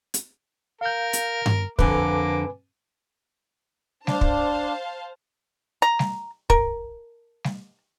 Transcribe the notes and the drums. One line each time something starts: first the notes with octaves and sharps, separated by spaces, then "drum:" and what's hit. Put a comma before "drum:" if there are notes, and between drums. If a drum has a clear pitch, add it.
drum: hi-hat
A#4 F5 G6
drum: hi-hat
drum: tom G2
F2 D3 A#3 B4 G#5 D6, drum: kick
D4 C5 F5 A5, drum: snare G3
drum: kick
A#5
drum: snare G3
A#4, drum: kick
drum: snare G3